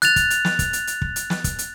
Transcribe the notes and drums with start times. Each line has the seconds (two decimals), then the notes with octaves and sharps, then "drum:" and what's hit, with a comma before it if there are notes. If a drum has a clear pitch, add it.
0.02 F#6 A6 F7, drum: hi-hat
0.16 drum: kick, hi-hat
0.30 drum: hi-hat
0.45 drum: snare
0.59 drum: kick, hi-hat
0.73 drum: hi-hat
0.87 drum: hi-hat
1.02 drum: kick
1.16 drum: hi-hat
1.30 drum: snare
1.44 drum: kick, hi-hat
1.59 drum: hi-hat